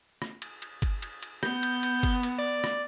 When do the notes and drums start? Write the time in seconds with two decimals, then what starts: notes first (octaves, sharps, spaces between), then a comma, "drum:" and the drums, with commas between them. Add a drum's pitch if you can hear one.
0.22 drum: rim click
0.42 drum: cymbal
0.62 drum: cymbal
0.82 drum: kick G1, cymbal
1.02 drum: cymbal
1.23 drum: cymbal
1.43 B3 G6, drum: rim click
1.63 drum: cymbal
1.83 drum: cymbal
2.03 drum: kick G1, cymbal
2.23 drum: cymbal
2.38 D5
2.64 drum: rim click